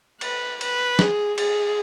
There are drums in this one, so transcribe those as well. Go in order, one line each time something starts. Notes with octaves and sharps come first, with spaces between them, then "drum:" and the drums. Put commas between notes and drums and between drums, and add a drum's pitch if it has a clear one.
B4, drum: cymbal
B4, drum: cymbal
G#4, drum: snare
G#4, drum: cymbal